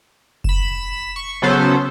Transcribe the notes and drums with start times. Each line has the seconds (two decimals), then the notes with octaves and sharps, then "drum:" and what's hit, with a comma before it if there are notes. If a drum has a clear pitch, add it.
0.44 B5 E7, drum: kick F1
1.16 C#6
1.42 C#3 F#3 B3 A4 C5